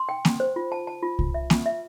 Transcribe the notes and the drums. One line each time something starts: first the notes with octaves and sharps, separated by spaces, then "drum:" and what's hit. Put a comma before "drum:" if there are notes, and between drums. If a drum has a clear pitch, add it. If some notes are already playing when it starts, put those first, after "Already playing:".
Already playing: C6
G5
G5, drum: snare A#3
C5
F4
A5
A5
F4
F4, drum: kick C2
E5
F4, drum: snare A#3
E5